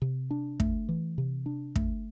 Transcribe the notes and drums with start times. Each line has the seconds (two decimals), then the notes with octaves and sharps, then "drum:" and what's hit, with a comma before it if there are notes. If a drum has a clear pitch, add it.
0.02 C3
0.31 D4
0.60 A3, drum: kick
0.89 E3
1.18 C3
1.46 D4
1.75 A3, drum: kick